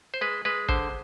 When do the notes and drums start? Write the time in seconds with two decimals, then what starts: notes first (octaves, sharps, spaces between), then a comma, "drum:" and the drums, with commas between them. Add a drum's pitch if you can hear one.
0.14 C5
0.21 G#3 B4
0.45 G#3 B4
0.69 D3 C5, drum: kick